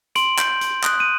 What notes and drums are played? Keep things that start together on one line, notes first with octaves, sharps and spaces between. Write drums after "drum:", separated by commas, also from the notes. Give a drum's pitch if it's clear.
C6 D7 F#7, drum: hi-hat
G6, drum: clap
C6, drum: hi-hat
D#6 F#6, drum: clap
D#7